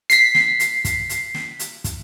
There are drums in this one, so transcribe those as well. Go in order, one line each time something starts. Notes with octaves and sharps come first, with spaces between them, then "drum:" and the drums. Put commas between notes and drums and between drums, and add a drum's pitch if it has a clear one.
B6 C7, drum: hi-hat
drum: snare
drum: hi-hat
drum: kick, hi-hat
drum: hi-hat
drum: snare
drum: hi-hat
drum: kick, hi-hat